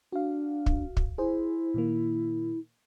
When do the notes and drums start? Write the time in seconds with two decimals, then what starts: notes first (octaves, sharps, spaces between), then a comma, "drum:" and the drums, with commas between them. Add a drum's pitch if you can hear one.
0.13 D4 F#4 F5
0.66 drum: kick
0.97 drum: kick
1.18 E4 G#4 C5
1.74 A#2 D#3 A#3